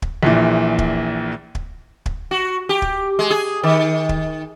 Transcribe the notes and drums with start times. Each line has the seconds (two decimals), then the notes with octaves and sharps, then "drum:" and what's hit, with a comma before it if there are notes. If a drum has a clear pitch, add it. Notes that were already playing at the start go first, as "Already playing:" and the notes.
0.02 drum: kick
0.23 A#1 A#2 E3
0.79 drum: kick
1.55 drum: kick
2.06 drum: kick
2.31 F#4
2.69 G4
2.82 drum: kick
3.19 G#3
3.31 G#4
3.63 D#3
4.09 drum: kick